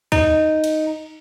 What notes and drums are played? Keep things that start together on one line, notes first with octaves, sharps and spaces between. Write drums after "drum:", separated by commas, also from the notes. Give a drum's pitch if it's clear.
D#4, drum: kick, cymbal
drum: cymbal